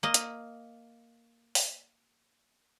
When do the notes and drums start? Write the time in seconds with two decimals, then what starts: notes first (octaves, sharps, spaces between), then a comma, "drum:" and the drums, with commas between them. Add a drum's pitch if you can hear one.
0.03 A#3 D#5
0.14 drum: hi-hat
1.55 drum: open hi-hat